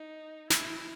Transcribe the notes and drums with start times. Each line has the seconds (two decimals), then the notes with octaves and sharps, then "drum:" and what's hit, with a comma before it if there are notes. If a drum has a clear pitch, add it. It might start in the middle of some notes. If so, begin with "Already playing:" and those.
Already playing: D#4
0.50 E4, drum: snare